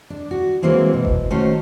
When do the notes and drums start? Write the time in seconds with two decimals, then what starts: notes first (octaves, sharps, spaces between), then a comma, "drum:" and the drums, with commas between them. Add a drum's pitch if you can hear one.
0.10 D4
0.31 F#4
0.62 E3 F#3 G#3 A#3 C4 E4
0.93 B2
1.05 drum: kick F#1
1.30 D#3 A3 C#4 F#4 C5